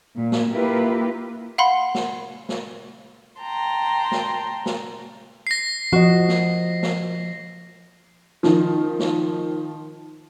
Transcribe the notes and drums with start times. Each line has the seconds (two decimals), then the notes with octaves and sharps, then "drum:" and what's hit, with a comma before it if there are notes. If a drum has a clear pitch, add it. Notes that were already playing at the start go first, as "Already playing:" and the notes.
0.16 A#2
0.32 drum: snare
0.51 A#3 E4 F4 G4 A#4 B4
1.58 F5 F#5 B5 C6
1.95 drum: snare
2.49 drum: snare
3.40 G5 A5 A#5 C6
4.11 drum: snare
4.66 drum: snare
5.47 A#6 C7
5.93 F3 F#4 D#5
6.28 drum: snare
6.83 drum: snare
8.43 D#3 F3, drum: snare
8.99 drum: snare